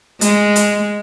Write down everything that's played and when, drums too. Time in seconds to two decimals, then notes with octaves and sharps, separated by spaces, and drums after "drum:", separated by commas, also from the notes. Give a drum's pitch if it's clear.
0.21 G#3, drum: hi-hat
0.56 drum: hi-hat